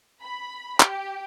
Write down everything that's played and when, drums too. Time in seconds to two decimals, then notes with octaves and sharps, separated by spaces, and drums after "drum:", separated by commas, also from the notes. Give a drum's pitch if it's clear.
0.21 B5
0.80 G4, drum: clap